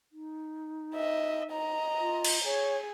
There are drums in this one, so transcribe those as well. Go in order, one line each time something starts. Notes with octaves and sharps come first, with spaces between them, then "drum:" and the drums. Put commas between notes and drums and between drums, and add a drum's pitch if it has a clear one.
D#4
D#5 E5
D#5 A#5
F4
drum: cymbal
G#4 C#5